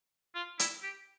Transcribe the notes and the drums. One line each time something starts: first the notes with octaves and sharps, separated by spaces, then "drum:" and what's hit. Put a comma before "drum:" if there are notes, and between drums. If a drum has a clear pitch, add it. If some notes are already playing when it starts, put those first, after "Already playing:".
F4
E4, drum: hi-hat
G4